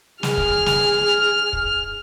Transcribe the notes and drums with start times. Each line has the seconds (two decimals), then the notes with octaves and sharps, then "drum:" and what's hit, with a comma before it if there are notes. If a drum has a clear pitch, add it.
0.23 G#4 F6, drum: snare
0.37 drum: kick
0.66 drum: snare
1.53 drum: kick